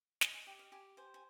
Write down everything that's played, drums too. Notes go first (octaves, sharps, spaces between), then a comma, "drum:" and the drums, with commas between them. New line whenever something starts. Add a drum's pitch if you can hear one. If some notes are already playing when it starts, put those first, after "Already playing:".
D#5 G#5, drum: snare
G#5
G4 G5
F5
G4 G#5
C5 G#5
G#5